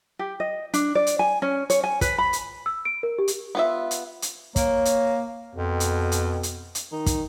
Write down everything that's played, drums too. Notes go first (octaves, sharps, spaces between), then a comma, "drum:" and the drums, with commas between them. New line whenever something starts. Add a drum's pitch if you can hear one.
G4
D#5
D4, drum: hi-hat
D5
drum: hi-hat
G#5
C#4
C#5, drum: hi-hat
G#5
B4, drum: kick, hi-hat
B5
drum: hi-hat
E6
D7
A#4
G4
drum: hi-hat
B3 F4 E5
drum: hi-hat
drum: hi-hat
A#3 C#5, drum: kick, hi-hat
drum: hi-hat
F2 B2
drum: hi-hat
drum: hi-hat
drum: hi-hat
drum: hi-hat
D#3 D#4
drum: kick, hi-hat